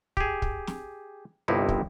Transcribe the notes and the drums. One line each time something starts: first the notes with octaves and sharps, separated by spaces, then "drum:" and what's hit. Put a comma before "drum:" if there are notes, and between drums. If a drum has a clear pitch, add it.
G4 G#4, drum: kick
drum: kick
drum: snare
G1 C2 G2 C3 D#4 E4
drum: kick